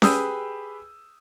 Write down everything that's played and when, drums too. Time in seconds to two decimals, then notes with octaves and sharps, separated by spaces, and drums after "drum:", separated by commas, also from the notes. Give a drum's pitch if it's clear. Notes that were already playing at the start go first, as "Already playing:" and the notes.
0.02 G4 G#4 B4 D#6 E6 G6, drum: snare C#4